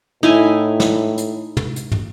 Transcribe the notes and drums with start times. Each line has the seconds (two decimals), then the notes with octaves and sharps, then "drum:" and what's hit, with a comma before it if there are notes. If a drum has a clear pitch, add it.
0.23 A2 D#4 E4 G#5
0.80 drum: snare
1.18 drum: hi-hat
1.57 drum: tom
1.76 drum: hi-hat
1.92 drum: tom